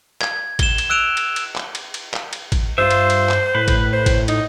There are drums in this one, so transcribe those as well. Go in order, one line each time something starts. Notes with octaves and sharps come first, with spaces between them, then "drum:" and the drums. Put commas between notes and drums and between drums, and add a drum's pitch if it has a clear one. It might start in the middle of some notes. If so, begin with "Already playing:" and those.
G#6, drum: clap
E7 G7, drum: kick G#1, cymbal
drum: cymbal
E6 F#6 D7 E7 F7
drum: cymbal
drum: cymbal
drum: clap
drum: cymbal
drum: cymbal
drum: clap
drum: cymbal
drum: kick G#1, cymbal
G2 F4 C5 E5
drum: cymbal
drum: cymbal
drum: clap
A2 B4
drum: kick G#1, cymbal
C5
drum: kick G#1, cymbal
D#4, drum: cymbal